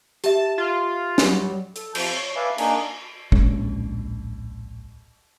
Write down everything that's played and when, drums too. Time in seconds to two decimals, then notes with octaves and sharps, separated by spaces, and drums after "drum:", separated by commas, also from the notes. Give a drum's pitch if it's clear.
0.24 G4 E5 A5, drum: hi-hat
0.58 F4
1.18 F#3 G3, drum: snare
1.76 A4, drum: hi-hat
1.95 C3 F3 G6, drum: cymbal
2.13 C#5
2.36 B4 D5 E5 F5 G#5 A5
2.58 A#3 D4 D#4 G#4, drum: cymbal
3.32 D1 A#1 G#3 C#4, drum: kick